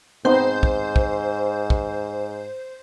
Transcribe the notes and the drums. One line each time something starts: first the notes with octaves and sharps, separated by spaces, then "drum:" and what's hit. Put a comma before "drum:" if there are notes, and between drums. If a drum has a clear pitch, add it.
G#2 B3 C4 D#4 C5 G6
drum: kick
drum: kick
drum: kick